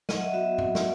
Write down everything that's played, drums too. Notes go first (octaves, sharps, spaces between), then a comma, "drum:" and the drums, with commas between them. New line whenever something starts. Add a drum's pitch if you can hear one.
F#3 D#5, drum: snare
F#5
E5
B3 F#4 E5
drum: tom G#2
drum: snare